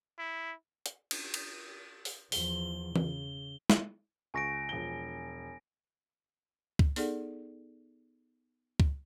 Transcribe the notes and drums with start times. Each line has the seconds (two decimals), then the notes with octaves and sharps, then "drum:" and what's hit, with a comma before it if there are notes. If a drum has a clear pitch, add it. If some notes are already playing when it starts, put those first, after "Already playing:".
0.18 E4
0.86 drum: hi-hat
1.11 drum: cymbal
1.34 drum: cymbal
2.05 drum: open hi-hat
2.32 E2 F3 G7, drum: open hi-hat
2.96 C#3, drum: tom E3
3.70 drum: snare
4.34 C#2 G#5 C#6 A#6 D7
4.69 E1 F3 G7
6.79 drum: kick
6.96 B3 D#4 G#4 A4 D5 F#5, drum: open hi-hat
8.80 drum: kick